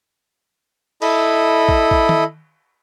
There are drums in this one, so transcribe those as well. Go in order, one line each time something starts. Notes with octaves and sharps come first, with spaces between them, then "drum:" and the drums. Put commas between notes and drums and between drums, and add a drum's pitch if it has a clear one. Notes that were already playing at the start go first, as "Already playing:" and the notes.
E4 A4 D#5 B5, drum: cymbal
drum: kick
drum: kick
drum: tom D#3